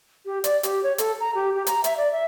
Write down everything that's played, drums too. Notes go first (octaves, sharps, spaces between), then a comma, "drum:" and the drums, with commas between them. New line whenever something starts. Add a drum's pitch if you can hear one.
G4
D5, drum: hi-hat
G4, drum: hi-hat
C#5
A4, drum: hi-hat
A#5
G4
G4
A#5, drum: hi-hat
E5, drum: hi-hat
D5
E5